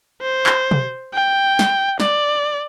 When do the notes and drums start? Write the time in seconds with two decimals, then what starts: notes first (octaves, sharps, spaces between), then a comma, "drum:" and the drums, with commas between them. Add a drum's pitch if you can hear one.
0.21 C5
0.46 drum: clap
0.71 drum: tom
1.13 G5
1.59 drum: snare
2.00 D5, drum: snare